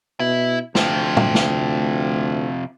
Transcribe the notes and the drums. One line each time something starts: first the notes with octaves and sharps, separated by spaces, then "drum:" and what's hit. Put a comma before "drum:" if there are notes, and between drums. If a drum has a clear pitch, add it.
B2 E4
D2 C3 F3, drum: snare
drum: tom
drum: snare